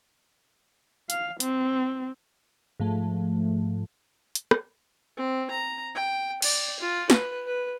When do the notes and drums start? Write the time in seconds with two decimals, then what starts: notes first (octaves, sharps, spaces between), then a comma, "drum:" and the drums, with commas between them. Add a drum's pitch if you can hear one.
1.10 F5, drum: hi-hat
1.40 C4, drum: hi-hat
2.80 G#2 F3 A3
4.35 drum: hi-hat
4.51 drum: rim click
5.17 C4
5.50 A#5
5.95 G5
6.42 D5, drum: cymbal
6.80 F4
7.10 B4, drum: snare
7.46 B4